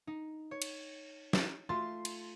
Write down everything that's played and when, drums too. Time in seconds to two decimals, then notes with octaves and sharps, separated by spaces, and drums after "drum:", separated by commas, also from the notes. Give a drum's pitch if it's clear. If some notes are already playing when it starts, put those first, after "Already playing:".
0.07 D#4
0.51 C#5
0.62 drum: cymbal
1.33 drum: snare
1.69 A3 F4 C6 A6
2.05 drum: cymbal